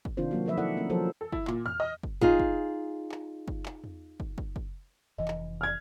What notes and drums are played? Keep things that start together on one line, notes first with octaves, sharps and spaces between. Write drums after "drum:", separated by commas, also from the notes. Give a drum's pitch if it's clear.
drum: kick
C3 D#3 C4 D4 F4 C5
F#3 A#3 F#4
D#3 F3 F#3 B4 D#5 E5
D#4 E4 A4 D5 E5 F#5
A3 A#3 C#4 A#4
F3 F#3 A4 A#4 C5
A4
E4, drum: kick
A#2, drum: clap
F6, drum: tom E2
D#5
drum: kick
D#4 F4 G#4, drum: kick
drum: kick
drum: clap
drum: kick
drum: clap
drum: tom E2
drum: kick
drum: kick
drum: kick
F1 E3 D#5
drum: clap
F6 G#6